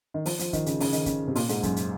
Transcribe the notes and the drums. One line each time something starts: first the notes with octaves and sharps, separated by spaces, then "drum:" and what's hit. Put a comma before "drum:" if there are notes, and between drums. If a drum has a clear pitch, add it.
D#3
F3, drum: open hi-hat
F3, drum: hi-hat
D#3, drum: kick, hi-hat
C#3, drum: hi-hat
C#3, drum: open hi-hat
D#3, drum: hi-hat
C#3, drum: kick, hi-hat
C3
A#2, drum: open hi-hat
G#2, drum: hi-hat
F#2, drum: kick, hi-hat
drum: hi-hat